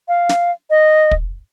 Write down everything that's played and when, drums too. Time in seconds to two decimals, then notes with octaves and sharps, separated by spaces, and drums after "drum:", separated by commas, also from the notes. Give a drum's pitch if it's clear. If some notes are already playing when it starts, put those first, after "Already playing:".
0.08 F5
0.29 drum: snare
0.70 D#5
1.11 drum: kick